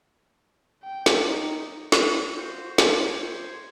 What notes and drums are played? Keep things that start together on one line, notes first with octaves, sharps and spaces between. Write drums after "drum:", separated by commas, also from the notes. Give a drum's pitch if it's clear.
G5
drum: snare
D#4
drum: snare
F4 F#4 C5
drum: snare
C5 G#6